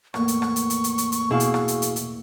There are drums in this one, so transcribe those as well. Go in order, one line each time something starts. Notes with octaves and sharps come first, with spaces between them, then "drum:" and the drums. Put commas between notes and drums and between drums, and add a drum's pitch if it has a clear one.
E2 A2 A#3 C#6, drum: rim click
drum: hi-hat
drum: rim click
drum: hi-hat
drum: hi-hat
drum: hi-hat
drum: hi-hat
drum: hi-hat
B2 E4 G#4 E5 F5
drum: hi-hat
drum: rim click
drum: hi-hat
drum: hi-hat
drum: hi-hat